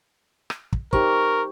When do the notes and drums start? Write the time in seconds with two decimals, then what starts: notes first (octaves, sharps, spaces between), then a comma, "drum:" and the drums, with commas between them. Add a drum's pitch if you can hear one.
0.50 drum: rim click
0.73 drum: kick
0.93 D#4 G4 A#4 C5 C#6, drum: kick